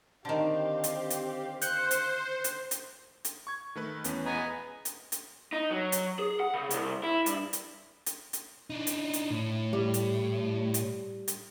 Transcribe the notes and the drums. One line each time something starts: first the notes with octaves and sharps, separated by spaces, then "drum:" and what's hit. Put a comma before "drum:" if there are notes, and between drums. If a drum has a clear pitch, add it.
D3 D#3 C4 G4 F5
drum: hi-hat
drum: hi-hat
C5 F#6 G6 C#7, drum: hi-hat
drum: hi-hat
drum: hi-hat
drum: hi-hat
drum: hi-hat
C#6 G#6
D#3 A3 B4
E2 B3 C#4, drum: hi-hat
B3 D#5 G#5 A#5
drum: hi-hat
drum: hi-hat
D#4
F#3
drum: hi-hat
G#4
F#5
C#3
C2, drum: hi-hat
E4
G2, drum: hi-hat
drum: hi-hat
drum: hi-hat
drum: hi-hat
D4 D#4
drum: hi-hat
drum: hi-hat
A2
G3
drum: hi-hat
drum: hi-hat
drum: hi-hat